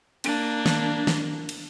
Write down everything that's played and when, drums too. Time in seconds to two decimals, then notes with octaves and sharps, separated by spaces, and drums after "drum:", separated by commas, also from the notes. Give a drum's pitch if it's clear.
0.24 A#3 D4, drum: cymbal
0.66 drum: snare
1.07 drum: snare
1.49 drum: cymbal